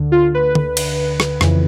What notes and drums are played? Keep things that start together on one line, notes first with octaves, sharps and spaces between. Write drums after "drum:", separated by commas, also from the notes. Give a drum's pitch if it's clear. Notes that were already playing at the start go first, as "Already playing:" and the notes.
Already playing: D2 D3
F4
B4
drum: tom D3
drum: cymbal
drum: rim click
F2 C#3 E3, drum: rim click